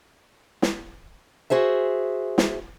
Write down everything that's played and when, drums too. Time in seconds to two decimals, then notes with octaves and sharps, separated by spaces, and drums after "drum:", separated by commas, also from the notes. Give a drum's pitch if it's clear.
0.62 drum: snare
1.50 F#4 G#4 C5 E5
2.38 drum: snare